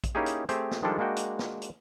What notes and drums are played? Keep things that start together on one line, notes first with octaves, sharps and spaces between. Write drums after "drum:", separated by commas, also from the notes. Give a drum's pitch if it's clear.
drum: kick A#1, hi-hat
A#3 C#4 D#4 E4 G4 G#4
drum: hi-hat
A3 C4 G4 G#4 C5, drum: hi-hat
drum: snare
D#3 F3 G3 G#3 D4 A4
G#3 A#3 D4 F#4 G5
drum: hi-hat
drum: snare
drum: hi-hat